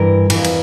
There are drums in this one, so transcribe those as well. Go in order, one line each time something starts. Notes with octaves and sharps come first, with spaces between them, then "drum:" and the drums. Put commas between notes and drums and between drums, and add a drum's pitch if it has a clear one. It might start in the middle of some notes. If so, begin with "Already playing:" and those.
Already playing: G2 E3 A#4
F2 E3, drum: cymbal
drum: cymbal